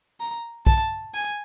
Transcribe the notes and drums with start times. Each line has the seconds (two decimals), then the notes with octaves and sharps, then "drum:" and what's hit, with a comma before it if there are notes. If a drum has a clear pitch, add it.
0.21 A#5
0.67 A5, drum: kick B1
1.14 G#5